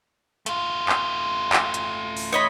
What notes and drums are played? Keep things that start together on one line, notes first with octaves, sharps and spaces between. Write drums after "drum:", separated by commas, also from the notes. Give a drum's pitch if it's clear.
A3 F4, drum: hi-hat
drum: clap
drum: clap
drum: hi-hat
drum: open hi-hat
C#5 D#5 B5